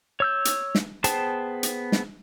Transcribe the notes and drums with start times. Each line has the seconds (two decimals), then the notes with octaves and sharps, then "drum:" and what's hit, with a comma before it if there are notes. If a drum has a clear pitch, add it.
0.20 C#5 E6 G6
0.45 drum: hi-hat
0.75 drum: snare
1.04 B3 G#4 C5 G5 A5, drum: hi-hat
1.63 drum: hi-hat
1.92 drum: snare